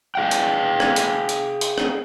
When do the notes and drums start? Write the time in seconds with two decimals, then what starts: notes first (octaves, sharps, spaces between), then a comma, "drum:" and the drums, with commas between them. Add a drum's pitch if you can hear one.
0.15 G#4 F5 G5
0.31 drum: hi-hat
0.80 drum: rim click
0.96 drum: hi-hat
1.29 drum: hi-hat
1.61 drum: hi-hat
1.78 drum: rim click